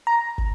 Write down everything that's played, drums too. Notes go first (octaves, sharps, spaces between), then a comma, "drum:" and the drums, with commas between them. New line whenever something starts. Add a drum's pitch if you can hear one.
A#5
drum: kick